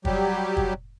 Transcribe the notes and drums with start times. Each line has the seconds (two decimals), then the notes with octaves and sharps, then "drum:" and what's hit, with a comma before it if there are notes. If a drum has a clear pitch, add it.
0.05 F#3 G3 G4, drum: kick
0.57 drum: kick